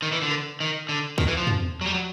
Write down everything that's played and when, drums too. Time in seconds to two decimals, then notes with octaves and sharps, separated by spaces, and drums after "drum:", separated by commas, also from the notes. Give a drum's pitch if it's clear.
0.02 D#3
0.12 E3
0.22 D3
0.31 drum: rim click
0.60 D#3
0.89 D3
1.18 D#3, drum: kick
1.28 E3
1.37 F3
1.47 drum: tom
1.81 F#3
1.86 G3
1.95 F#3